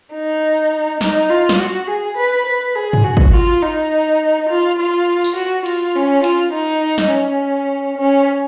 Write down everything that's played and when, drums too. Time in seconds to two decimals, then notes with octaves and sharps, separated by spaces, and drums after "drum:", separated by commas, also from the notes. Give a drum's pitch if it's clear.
0.13 D#4
1.01 D#4, drum: snare
1.30 F4
1.49 drum: snare
1.59 F#4
1.87 G#4
2.17 B4
2.46 B4
2.75 G#4
2.93 drum: tom G2
3.04 F#4
3.17 drum: kick
3.33 F4
3.62 D#4
4.49 F4
4.79 F4
5.24 drum: tambourine
5.36 F#4
5.66 F4, drum: cymbal
5.95 C#4
6.24 F4, drum: hi-hat
6.53 D#4
6.98 drum: snare
7.11 C#4
7.98 C#4